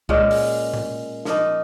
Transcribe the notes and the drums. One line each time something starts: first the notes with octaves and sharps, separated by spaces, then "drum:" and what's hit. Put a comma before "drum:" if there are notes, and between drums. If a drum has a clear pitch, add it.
A#2 G#3 C#4, drum: kick C2
drum: open hi-hat
drum: tom A2
F3 A#3 D#4, drum: snare